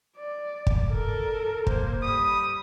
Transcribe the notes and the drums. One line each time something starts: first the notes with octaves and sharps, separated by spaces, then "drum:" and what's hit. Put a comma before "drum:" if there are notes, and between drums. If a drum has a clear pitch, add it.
D5
drum: kick
A4 A#4
A#3 C5, drum: kick
G3 B5 D#6